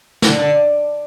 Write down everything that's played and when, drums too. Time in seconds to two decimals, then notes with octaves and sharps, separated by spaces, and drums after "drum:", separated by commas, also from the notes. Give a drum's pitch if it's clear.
0.22 D3, drum: snare
0.38 D3